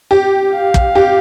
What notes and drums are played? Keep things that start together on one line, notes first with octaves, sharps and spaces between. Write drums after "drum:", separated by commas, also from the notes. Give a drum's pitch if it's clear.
G4
F5
drum: kick
G4